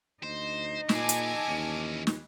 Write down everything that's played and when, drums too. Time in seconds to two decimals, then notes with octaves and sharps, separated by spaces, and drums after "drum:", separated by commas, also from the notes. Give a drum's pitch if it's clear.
0.23 D2 D#4 C5
0.89 A#2 E4 G#4 G#5 A5 D6, drum: snare
1.09 drum: hi-hat
1.48 D#2 E3 C#4
2.07 drum: snare